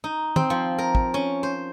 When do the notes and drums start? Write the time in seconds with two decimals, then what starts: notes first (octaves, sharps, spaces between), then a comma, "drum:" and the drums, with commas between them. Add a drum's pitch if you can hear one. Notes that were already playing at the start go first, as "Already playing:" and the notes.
0.04 D#4
0.36 C4, drum: tom
0.50 F3
0.78 A#4
0.95 drum: kick
1.14 C#4
1.43 C5